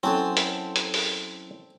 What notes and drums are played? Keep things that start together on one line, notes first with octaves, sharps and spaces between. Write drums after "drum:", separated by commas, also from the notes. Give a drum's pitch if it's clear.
F#3 C4 C#4 E4 A4 A5 C6
drum: hi-hat
drum: hi-hat
drum: open hi-hat